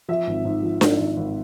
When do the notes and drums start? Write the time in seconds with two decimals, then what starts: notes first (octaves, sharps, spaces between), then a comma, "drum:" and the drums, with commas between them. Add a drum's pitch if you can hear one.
0.09 F3 E5
0.27 G#1
0.45 G#2
0.63 F3
0.81 G#2, drum: snare D4
0.99 G#1
1.17 G#1